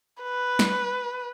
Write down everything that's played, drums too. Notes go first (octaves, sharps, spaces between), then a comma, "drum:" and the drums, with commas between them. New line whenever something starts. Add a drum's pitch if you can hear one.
B4
drum: snare